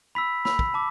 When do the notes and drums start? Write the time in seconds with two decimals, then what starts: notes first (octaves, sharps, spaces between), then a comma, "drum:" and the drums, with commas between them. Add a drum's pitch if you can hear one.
0.15 B5 E6 B6
0.45 B5 E6, drum: snare
0.59 drum: kick
0.74 A5 D6